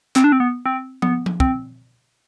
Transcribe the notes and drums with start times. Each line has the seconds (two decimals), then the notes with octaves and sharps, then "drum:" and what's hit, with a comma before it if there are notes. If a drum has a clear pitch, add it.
0.16 C4, drum: clap
0.24 D4
0.32 C4
0.40 B3
0.66 C4
1.02 B3, drum: tom F3
1.26 drum: tom F3
1.40 C4, drum: kick